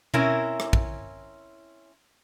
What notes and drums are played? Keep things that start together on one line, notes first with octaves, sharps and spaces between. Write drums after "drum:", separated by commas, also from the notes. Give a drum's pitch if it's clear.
C4 C#4 E4 A#4, drum: tom B2
drum: rim click
drum: kick